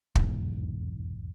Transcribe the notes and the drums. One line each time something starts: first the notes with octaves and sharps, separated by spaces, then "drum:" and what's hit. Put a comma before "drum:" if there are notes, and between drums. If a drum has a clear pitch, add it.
F1 B1 E2 G#2, drum: kick